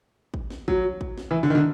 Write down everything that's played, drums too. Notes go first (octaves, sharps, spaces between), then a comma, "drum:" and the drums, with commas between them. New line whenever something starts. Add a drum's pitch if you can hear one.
drum: kick
drum: snare B3
F#3, drum: kick
drum: kick
drum: snare B3
E3
D3
D#3
D3